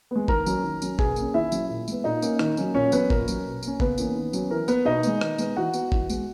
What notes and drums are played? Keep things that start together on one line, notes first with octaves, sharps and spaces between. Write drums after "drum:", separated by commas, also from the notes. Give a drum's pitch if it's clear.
G#3 B3
D#3 A#4 A#5, drum: kick G1
F#3 C#4, drum: tambourine
D#3
F#3 C#4, drum: tambourine
B2 G#4 G#5, drum: kick G1
A#3, drum: tambourine
C#4
D#3 E4 E5
F#3 C#4, drum: tambourine
A#2
G#3 B3, drum: tambourine
A#2 D#4 D#5
A#3 C#4, drum: tambourine
D#3, drum: rim click
F#3 A#3 C#4, drum: tambourine
A#2 C#4 C#5
F#3 B3 C#4 B4, drum: tambourine
A#2 A#4, drum: kick G1
F#3 C#4, drum: tambourine
B2
A#3 C#4, drum: tambourine
C#3 B3 B4, drum: kick G1
E3 A#3 C#4, drum: tambourine
D#3
F#3 C#4, drum: tambourine
E3 A#4
B3 B4, drum: tambourine
B2 D#4 D#5
G#3 B3, drum: tambourine
D#3, drum: rim click
G#3 B3, drum: tambourine
E3 F#4 F#5
B3, drum: tambourine
E3, drum: kick G1
G#3 B3, drum: tambourine